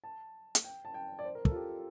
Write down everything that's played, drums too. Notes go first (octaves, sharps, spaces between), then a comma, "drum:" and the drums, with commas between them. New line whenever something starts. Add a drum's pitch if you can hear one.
A5
drum: hi-hat
G5
A5
G5
D5
C5
A#4
A4, drum: kick
F4
G4